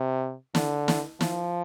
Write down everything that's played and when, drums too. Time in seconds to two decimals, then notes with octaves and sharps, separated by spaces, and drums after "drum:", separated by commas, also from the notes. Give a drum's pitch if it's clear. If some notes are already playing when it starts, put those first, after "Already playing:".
Already playing: C3
0.55 D3, drum: snare
0.88 drum: snare
1.21 F3, drum: snare